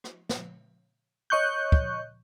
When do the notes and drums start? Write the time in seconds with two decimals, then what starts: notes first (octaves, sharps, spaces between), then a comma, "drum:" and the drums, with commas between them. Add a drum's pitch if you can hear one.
0.04 drum: rim click
0.29 drum: snare
1.30 C#5 D#5 C#6 F#6 G6
1.72 drum: kick